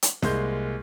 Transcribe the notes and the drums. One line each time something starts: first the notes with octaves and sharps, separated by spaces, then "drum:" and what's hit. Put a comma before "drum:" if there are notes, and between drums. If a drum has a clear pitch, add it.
drum: hi-hat
C2 G#3 A#3 C6 G6, drum: snare